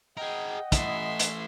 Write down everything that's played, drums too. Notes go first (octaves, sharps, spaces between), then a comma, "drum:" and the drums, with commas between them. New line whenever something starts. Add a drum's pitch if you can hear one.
G#4 A#4 D#5 F#5 G5
E3 A3 E5 C6, drum: kick, hi-hat
drum: hi-hat